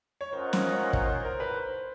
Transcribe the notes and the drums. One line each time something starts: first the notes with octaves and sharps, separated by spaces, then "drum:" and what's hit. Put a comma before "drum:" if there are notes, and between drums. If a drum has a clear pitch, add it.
C#5
C#4 F4 A#4 C5 D#5 F#5
C5, drum: snare
C#5
C5, drum: kick
C5
A#4
B4
C5